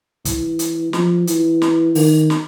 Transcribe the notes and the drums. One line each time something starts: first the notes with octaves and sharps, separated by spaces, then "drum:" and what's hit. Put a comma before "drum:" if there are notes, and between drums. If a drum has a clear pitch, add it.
E3, drum: kick, hi-hat
drum: hi-hat
F3, drum: snare
E3, drum: hi-hat
drum: snare
D#3, drum: open hi-hat
drum: snare